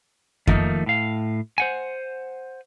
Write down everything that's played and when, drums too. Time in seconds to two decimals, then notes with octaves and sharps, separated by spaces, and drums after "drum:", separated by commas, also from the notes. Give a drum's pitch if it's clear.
0.47 D#3 F3 A3 A#3 D#4, drum: kick F2
0.86 A2 F5
1.58 C5 F#5 G#5